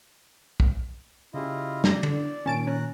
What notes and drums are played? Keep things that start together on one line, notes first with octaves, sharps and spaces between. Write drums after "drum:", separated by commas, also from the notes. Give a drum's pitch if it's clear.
drum: kick
C#3 C#4 E4 F4 G4 D#5
F#2 D5 A#5 A#6, drum: snare
D3, drum: cymbal
A#2 D#3 C#4 G#5 A5 A6 D7
C#4 A#5 F#6